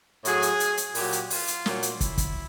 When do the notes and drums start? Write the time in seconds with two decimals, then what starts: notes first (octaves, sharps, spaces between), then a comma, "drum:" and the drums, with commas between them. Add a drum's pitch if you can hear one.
0.25 A2 F#3 G#4, drum: hi-hat
0.42 drum: hi-hat
0.60 drum: hi-hat
0.77 drum: hi-hat
0.95 A#2 F#3 G4, drum: open hi-hat
1.12 drum: hi-hat
1.30 F4, drum: open hi-hat
1.48 drum: hi-hat
1.66 A#2 F#3, drum: snare
1.83 drum: hi-hat
2.01 E4, drum: kick, hi-hat
2.18 drum: kick, hi-hat